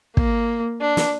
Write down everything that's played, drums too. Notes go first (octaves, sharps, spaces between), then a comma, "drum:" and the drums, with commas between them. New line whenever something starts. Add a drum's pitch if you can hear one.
A#3, drum: kick
D4
drum: snare